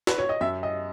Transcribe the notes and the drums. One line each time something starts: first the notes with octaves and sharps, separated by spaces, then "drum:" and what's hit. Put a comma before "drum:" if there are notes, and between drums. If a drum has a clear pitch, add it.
B4, drum: snare
C#5
D#5
F#2 E5
D#5